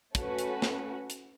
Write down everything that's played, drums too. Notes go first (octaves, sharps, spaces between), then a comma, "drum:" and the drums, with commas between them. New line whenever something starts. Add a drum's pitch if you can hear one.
A3 C#4 F#4 B4, drum: kick, hi-hat
drum: hi-hat
drum: snare
drum: hi-hat